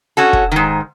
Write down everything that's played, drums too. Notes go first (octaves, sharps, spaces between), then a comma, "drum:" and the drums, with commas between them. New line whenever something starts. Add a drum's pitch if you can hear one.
C#4 F#4 A4
drum: kick
G#2 D#3